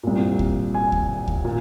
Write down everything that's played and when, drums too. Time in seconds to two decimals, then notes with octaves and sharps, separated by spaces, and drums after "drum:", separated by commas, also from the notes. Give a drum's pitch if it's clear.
0.03 C2 A#2
0.39 drum: kick D2
0.74 G#5
0.92 drum: kick D2
1.28 drum: kick D2
1.45 A#2